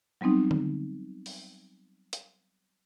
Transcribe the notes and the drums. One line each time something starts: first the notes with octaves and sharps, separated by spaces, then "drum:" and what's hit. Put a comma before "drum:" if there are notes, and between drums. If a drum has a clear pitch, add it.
F#3 G3 B3 C4 D#4
drum: tom D3
drum: open hi-hat
drum: hi-hat